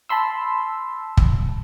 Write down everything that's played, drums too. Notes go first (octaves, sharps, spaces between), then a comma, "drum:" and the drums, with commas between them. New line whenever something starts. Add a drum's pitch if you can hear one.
A5 B5 C6 E6
drum: kick